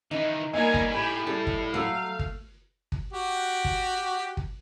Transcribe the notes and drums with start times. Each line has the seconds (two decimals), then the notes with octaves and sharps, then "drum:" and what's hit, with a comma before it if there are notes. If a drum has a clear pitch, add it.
0.11 D#3 E3 D#4
0.53 B2 G3 A#3 D#5 G#5 A#5
0.74 drum: kick
0.92 A2 G4 G#5 B5
1.27 G3 A4
1.47 drum: kick
1.74 F#3 A3 A4 F5
2.19 drum: kick
2.92 drum: kick
3.13 F#4 G4
3.65 drum: kick
4.37 drum: kick